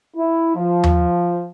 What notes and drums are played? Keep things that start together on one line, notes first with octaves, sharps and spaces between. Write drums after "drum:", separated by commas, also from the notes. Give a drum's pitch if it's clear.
E4
F3
drum: tom D#2